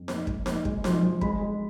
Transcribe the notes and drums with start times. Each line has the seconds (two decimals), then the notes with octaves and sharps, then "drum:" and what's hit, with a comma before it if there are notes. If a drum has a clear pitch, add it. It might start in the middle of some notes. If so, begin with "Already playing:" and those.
Already playing: F2
0.08 A#2, drum: snare D#4
0.27 G#3, drum: kick
0.46 A#2, drum: snare D#4
0.65 G#3, drum: kick
0.84 F3, drum: snare D#4
1.03 F3
1.21 G#3 B5, drum: kick
1.41 G#3